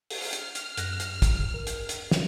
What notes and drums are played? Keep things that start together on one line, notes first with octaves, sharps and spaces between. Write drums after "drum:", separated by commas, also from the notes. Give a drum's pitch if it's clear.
drum: open hi-hat
F6
drum: hi-hat
drum: hi-hat
F#2 F#6 A#6, drum: hi-hat
drum: hi-hat
drum: kick, hi-hat
A#4
drum: hi-hat
drum: hi-hat
drum: snare